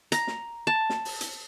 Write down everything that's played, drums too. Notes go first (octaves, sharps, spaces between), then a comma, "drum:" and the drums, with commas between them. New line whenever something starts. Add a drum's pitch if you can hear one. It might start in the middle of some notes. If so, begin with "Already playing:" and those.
A#5, drum: hi-hat
drum: snare
A5
drum: snare
drum: open hi-hat
drum: hi-hat